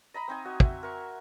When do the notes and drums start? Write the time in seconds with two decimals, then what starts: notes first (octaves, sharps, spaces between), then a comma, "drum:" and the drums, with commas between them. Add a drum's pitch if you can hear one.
0.14 D#5 A#5 B5
0.28 C4 D#4 G#5
0.45 F#4 D#5
0.60 E5, drum: kick
0.83 A#4 C#6